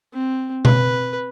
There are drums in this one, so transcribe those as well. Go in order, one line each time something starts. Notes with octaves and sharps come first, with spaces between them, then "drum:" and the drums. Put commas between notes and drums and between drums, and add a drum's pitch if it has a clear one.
C4
B4, drum: tom B2